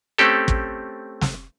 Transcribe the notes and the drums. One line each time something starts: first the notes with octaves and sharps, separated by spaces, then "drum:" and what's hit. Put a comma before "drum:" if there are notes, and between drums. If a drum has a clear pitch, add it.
A3 C4 C#4 G4 A4
drum: kick
drum: snare